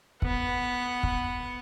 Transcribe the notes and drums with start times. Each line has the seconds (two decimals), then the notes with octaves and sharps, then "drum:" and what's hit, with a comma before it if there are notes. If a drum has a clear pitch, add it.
0.22 B3 F#5, drum: kick
1.03 drum: kick